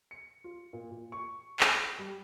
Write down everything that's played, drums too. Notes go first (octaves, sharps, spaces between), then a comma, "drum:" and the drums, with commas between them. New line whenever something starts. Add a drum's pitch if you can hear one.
C#7
F4
A#2
A#2
C#6
drum: clap
B5
G3